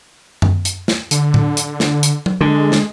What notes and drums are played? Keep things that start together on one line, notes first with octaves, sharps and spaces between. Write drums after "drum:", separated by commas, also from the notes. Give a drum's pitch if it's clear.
drum: tom F#2
drum: hi-hat
drum: snare
D3, drum: hi-hat
drum: tom A2
drum: hi-hat
drum: snare
drum: hi-hat
drum: tom F#3
D3 G#3
drum: snare